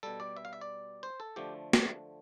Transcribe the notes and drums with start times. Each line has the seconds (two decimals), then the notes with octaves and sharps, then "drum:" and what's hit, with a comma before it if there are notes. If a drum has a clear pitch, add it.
0.03 B2 G3 A4
0.20 D5
0.37 E5
0.45 F5
0.53 E5
0.61 D5
1.03 C5
1.20 A4
1.36 D3 F3 A3 G4
1.73 drum: snare